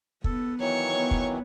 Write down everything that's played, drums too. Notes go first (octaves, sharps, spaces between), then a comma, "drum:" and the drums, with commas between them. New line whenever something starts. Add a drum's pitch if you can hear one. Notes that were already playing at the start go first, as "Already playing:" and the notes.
B3 A4, drum: kick
D#3 E3 F#3 C#5 C#6
B3
drum: kick